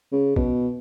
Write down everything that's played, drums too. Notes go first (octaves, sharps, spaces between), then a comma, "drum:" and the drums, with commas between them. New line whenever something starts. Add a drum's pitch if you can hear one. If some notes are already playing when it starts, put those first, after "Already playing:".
C#3
B2, drum: kick